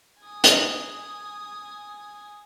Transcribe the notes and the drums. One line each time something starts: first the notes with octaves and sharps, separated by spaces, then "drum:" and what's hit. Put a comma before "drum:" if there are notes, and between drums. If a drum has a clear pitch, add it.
G#5 D#6
drum: hi-hat